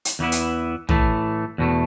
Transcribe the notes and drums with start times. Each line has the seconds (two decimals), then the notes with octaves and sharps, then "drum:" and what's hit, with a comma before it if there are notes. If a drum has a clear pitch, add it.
0.05 drum: hi-hat
0.19 E2 E3 B3 E4
0.32 drum: hi-hat
0.89 A2 E3 A3, drum: tom
1.58 E2 B2 A3